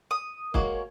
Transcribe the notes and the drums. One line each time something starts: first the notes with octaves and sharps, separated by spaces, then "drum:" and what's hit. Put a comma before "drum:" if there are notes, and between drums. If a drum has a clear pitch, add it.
D#6
G#3 A#3 F#4 A#4 C#5, drum: kick